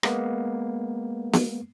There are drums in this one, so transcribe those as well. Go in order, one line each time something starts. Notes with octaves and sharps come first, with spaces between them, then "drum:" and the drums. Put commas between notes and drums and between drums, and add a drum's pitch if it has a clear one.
G#3 A#3 B3, drum: rim click
drum: snare B3